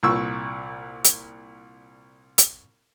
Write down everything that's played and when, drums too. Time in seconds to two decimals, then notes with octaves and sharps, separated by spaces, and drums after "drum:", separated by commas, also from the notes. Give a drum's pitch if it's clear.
0.03 C2 A#2 C#6 E6
1.04 drum: hi-hat
2.38 drum: hi-hat